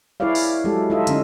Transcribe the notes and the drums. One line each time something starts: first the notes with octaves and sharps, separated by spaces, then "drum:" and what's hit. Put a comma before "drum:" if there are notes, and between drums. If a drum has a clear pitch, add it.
E4 G#4 B4 C#5 D5 F5
drum: open hi-hat
F#3 G#3 G4 A4
D#4 F4 A4 D#5 E5
D3 C#4 D#4, drum: hi-hat